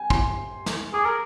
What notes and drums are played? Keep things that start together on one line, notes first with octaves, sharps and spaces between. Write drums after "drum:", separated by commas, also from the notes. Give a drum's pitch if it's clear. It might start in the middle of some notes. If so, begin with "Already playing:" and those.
Already playing: G5 G#5
C6, drum: kick
drum: snare
G#4 D6
A#4